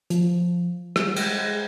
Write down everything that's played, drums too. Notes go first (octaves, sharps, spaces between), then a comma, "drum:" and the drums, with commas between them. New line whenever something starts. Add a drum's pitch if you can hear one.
F3, drum: hi-hat
G3, drum: rim click
G#3, drum: cymbal
G#3